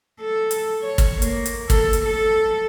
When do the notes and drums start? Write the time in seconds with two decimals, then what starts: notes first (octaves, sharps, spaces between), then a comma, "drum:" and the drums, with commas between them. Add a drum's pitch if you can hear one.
0.21 A4
0.51 drum: hi-hat
0.82 C#5
0.98 drum: kick, hi-hat
1.22 A#3, drum: hi-hat
1.46 drum: hi-hat
1.70 A4, drum: kick, hi-hat
1.93 drum: hi-hat
2.05 A4